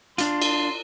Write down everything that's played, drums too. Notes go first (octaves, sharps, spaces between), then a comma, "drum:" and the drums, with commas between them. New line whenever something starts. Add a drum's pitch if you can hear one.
D4 F4 C6, drum: hi-hat
drum: cymbal